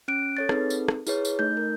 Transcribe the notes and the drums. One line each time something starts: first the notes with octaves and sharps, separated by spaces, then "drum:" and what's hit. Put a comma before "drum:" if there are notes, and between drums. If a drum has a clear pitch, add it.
C#4 F#6 D7
A4 C#5 A6
C4 D#4 G#4 A4 B4, drum: rim click
drum: tambourine
drum: rim click
E4 G#4 B4 C#5, drum: tambourine
drum: tambourine
A3 D#4 G6
A#4